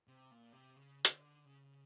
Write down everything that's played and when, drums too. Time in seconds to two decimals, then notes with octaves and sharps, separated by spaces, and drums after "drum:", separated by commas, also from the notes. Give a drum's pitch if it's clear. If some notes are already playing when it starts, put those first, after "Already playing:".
0.08 C3
0.31 A#2
0.53 C3
0.76 C#3
1.05 C#3, drum: hi-hat
1.11 D3
1.45 C#3